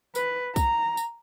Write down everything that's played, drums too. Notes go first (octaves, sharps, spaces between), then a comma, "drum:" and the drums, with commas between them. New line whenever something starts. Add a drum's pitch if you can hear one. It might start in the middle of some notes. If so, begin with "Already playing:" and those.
B4, drum: tambourine
A#5, drum: kick, tambourine
drum: tambourine